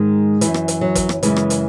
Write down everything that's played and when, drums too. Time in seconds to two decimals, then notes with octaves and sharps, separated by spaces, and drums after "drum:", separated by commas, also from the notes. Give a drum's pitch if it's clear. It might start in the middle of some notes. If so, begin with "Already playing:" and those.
Already playing: G#2 D#3 G#3
0.41 F#2 E3, drum: hi-hat
0.54 drum: rim click
0.68 drum: hi-hat
0.81 F#3
0.95 drum: kick, hi-hat
1.09 drum: rim click
1.23 F#2 C#3 E3 G#3, drum: hi-hat
1.36 drum: rim click
1.50 drum: hi-hat